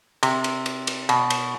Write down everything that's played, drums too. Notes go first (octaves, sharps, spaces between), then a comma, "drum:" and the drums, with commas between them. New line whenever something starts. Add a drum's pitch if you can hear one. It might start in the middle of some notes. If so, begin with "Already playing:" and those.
C3, drum: cymbal
drum: cymbal
drum: cymbal
drum: cymbal
B2, drum: cymbal
drum: cymbal